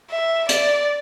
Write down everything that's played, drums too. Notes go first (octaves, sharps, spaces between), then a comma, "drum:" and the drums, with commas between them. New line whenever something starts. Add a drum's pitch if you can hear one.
E5
D5, drum: hi-hat